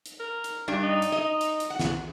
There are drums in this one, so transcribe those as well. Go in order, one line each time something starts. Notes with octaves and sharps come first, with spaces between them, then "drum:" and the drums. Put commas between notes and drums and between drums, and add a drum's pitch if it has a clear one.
drum: hi-hat
A#4
drum: hi-hat
G2 D4 G4
D#4
drum: hi-hat
D#5
drum: hi-hat
drum: hi-hat
F#5
drum: snare